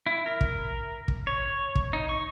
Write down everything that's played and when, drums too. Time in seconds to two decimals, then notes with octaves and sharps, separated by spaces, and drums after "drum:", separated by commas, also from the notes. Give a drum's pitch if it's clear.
0.06 E4
0.26 A#4
0.41 drum: kick
1.08 drum: kick
1.27 C#5
1.75 drum: kick
1.93 D#4
2.09 C#6